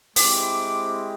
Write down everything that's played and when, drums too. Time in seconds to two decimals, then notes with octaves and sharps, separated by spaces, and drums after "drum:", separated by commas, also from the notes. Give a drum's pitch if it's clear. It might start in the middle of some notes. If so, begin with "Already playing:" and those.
0.16 G#3 C4 E4 G4 D6, drum: open hi-hat